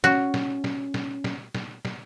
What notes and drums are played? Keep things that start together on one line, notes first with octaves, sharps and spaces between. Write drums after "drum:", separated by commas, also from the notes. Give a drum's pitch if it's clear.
C#4 F#4, drum: snare
drum: snare
drum: snare
drum: snare
drum: snare
drum: snare
drum: snare